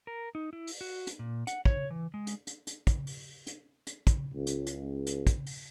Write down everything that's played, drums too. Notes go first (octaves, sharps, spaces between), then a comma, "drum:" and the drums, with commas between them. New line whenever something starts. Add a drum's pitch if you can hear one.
A#4
D#4
E4
drum: open hi-hat
F#4
drum: hi-hat
A#2
F#5, drum: hi-hat
C#5, drum: kick
E3
G#3
drum: hi-hat
drum: hi-hat
drum: hi-hat
drum: kick, hi-hat
drum: open hi-hat
drum: hi-hat
drum: hi-hat
drum: kick, hi-hat
C#2
drum: hi-hat
drum: hi-hat
drum: hi-hat
drum: kick, hi-hat
drum: open hi-hat